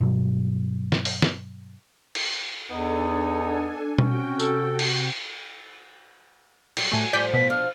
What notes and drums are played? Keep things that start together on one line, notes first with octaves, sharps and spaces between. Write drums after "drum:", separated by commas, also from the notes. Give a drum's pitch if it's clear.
G2 B2 F#3
drum: snare
drum: open hi-hat
drum: snare
drum: cymbal
E2 B3 D4 D#4 A4 G#5
C3 C#4 F#4 G5, drum: tom B2
A4, drum: tambourine
drum: cymbal
F#3 G3, drum: cymbal
A2 A3 G#5
A2 F3 G3 D5 G6 B6
B2 B6
F3 D4 F6